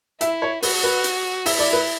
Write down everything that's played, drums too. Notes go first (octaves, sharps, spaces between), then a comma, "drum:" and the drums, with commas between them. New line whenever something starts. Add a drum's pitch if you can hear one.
E4 E5, drum: hi-hat
C#5
F#4 B4, drum: open hi-hat
B4
drum: hi-hat
E4 E5, drum: open hi-hat
D5
B4